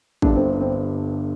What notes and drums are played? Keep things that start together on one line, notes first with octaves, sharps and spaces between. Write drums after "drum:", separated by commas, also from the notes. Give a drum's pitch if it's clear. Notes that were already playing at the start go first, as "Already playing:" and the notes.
G1 G2 D3 D4, drum: kick
C4
C4